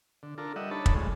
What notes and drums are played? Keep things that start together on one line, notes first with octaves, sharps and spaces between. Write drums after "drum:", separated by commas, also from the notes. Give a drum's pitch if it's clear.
D3
D4 F4 A4 A#4
G3 D#5 E5 F#5
D4 D#4 A4 C#5 A5 B5
drum: kick
F3 G#3 A3